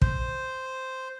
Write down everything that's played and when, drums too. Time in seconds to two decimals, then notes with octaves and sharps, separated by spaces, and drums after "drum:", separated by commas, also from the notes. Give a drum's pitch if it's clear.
0.02 C5, drum: kick